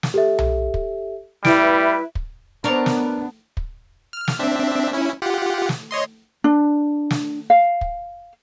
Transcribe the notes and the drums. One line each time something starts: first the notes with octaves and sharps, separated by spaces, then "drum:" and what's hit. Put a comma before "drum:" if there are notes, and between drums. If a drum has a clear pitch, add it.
drum: snare
G4 A4 E5
drum: tom B1
drum: kick
G3 E4 B4 D7, drum: snare
drum: kick
B3 D4 A#4 C#5 D5
drum: snare
drum: kick
F6
drum: snare
C4 D4 E5
C#4 E4
F4 G4 F#5
drum: snare
C#5 D#5 C6
D4
drum: snare
F5
drum: kick